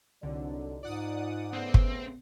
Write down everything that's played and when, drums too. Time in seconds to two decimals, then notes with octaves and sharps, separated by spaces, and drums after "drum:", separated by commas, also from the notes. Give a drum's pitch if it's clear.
0.23 C2 D3 F#3 D#4 D5
0.83 G#2 D#4 F4 D5 F#5 D#6
1.53 C#3 A3 B3 C4
1.74 drum: kick